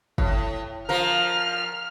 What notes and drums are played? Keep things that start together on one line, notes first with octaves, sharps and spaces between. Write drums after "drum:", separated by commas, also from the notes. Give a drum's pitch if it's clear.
A2, drum: kick
F3 A#4 F6